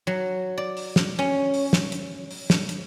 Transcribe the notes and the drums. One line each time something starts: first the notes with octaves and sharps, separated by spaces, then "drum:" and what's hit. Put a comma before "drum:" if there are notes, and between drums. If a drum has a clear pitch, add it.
F#3
D5
drum: open hi-hat
drum: snare
C#4
drum: open hi-hat
drum: snare
drum: hi-hat
drum: open hi-hat
drum: snare
drum: hi-hat